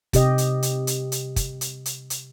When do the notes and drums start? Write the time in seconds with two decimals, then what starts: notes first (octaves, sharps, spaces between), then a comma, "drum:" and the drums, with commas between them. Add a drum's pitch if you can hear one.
0.13 C3 G4 D#5, drum: kick, hi-hat
0.38 drum: hi-hat
0.63 drum: hi-hat
0.87 drum: hi-hat
1.12 drum: hi-hat
1.36 drum: kick, hi-hat
1.61 drum: hi-hat
1.86 drum: hi-hat
2.10 drum: hi-hat